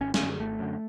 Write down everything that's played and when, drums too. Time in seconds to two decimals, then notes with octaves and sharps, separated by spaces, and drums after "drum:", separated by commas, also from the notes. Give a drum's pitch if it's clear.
0.01 G#1 C#4
0.14 C#4, drum: snare
0.21 F#2 D3
0.40 G#1 A3
0.59 F#2 D3